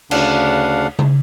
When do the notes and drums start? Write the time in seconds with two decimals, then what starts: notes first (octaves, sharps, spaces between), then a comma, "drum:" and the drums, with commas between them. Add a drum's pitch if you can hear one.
0.11 D2 C#3 D4 F5 F#5, drum: cymbal
0.99 drum: tom C#3